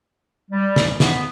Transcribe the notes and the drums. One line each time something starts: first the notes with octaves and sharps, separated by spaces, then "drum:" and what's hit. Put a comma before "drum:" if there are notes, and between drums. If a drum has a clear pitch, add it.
G3
drum: snare
B3, drum: snare